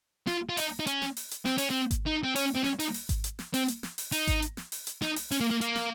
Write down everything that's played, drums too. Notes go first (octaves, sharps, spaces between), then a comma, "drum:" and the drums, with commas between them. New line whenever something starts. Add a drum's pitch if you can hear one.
F4, drum: snare
F4
D#4, drum: open hi-hat
D#4
C#4, drum: hi-hat
drum: snare
drum: open hi-hat
drum: hi-hat
C4, drum: snare
C#4, drum: open hi-hat
C4
drum: kick G#1, hi-hat
D#4
C4
C#4, drum: open hi-hat
C4
C#4, drum: snare
D#4, drum: open hi-hat
drum: open hi-hat
drum: kick G#1, hi-hat
drum: hi-hat
drum: snare
C4, drum: open hi-hat
drum: hi-hat
drum: snare
drum: open hi-hat
D#4, drum: open hi-hat
drum: kick G#1, hi-hat
drum: hi-hat
drum: snare
drum: open hi-hat
drum: hi-hat
D#4, drum: snare
drum: open hi-hat
C#4, drum: open hi-hat
A#3
A#3
A#3, drum: hi-hat
drum: snare